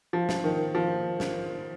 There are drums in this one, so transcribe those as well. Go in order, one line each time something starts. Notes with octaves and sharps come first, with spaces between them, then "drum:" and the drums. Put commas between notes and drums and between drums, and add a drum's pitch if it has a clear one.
F3
drum: snare
D#3
F3
drum: snare